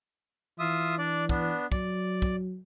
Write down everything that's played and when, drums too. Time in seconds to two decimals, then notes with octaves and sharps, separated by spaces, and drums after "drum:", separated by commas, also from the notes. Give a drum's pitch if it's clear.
0.59 E3 F4 E5 D#6
0.98 D4 D5
1.29 B3 D4, drum: kick
1.72 F#3 D5, drum: kick
2.22 drum: kick